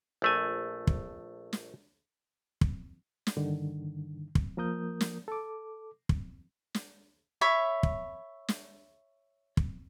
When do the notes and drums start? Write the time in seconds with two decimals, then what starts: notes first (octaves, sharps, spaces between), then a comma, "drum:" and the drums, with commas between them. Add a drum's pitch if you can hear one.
0.22 A#1 A3 G#5
0.87 drum: kick
1.53 drum: snare
2.61 drum: kick
3.27 drum: snare
3.36 G2 D3 D#3
4.35 drum: kick
4.57 F3 A#3 A#4 D#6 G6
5.01 drum: snare
5.28 A4 D6
6.09 drum: kick
6.75 drum: snare
7.41 C#5 E5 B5
7.83 drum: kick
8.48 drum: snare
9.57 drum: kick